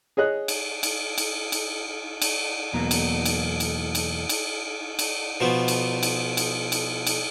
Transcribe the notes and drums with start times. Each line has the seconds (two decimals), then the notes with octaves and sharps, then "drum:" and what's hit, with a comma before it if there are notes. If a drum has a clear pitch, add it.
0.17 G#4 C#5 D#5 F#6
0.48 drum: cymbal
0.83 drum: cymbal
1.18 drum: cymbal
1.52 drum: cymbal
2.22 drum: cymbal
2.73 E2 B2 F#3 A#3 B3 A#5
2.91 drum: cymbal
3.25 drum: cymbal
3.60 drum: cymbal
3.95 drum: cymbal
4.29 drum: cymbal
4.99 drum: cymbal
5.40 B2 F3 B3
5.68 drum: cymbal
6.03 drum: cymbal
6.37 drum: cymbal
6.72 drum: cymbal
7.07 drum: cymbal